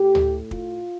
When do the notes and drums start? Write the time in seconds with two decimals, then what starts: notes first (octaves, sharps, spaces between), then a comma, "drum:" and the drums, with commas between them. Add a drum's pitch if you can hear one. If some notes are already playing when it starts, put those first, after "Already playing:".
Already playing: A2 A3 G4
0.15 drum: tom D2
0.51 F4, drum: kick